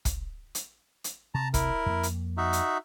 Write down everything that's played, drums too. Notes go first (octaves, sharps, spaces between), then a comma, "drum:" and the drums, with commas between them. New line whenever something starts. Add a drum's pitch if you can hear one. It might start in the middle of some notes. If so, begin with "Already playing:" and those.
drum: kick, hi-hat
drum: hi-hat
drum: hi-hat
C3 A5 A#5
E4 A#4, drum: kick, hi-hat
F2 A#3
drum: hi-hat
D#4 F#4 E5
drum: hi-hat